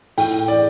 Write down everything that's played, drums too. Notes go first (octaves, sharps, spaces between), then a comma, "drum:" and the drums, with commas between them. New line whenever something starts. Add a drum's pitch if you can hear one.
A2 G5, drum: open hi-hat
D5